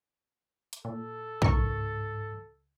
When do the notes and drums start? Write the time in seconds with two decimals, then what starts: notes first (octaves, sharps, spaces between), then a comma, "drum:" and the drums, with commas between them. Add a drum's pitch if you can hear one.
0.73 drum: hi-hat
0.85 A#2 A4
1.42 C#2 G#2 A#4 C#6, drum: kick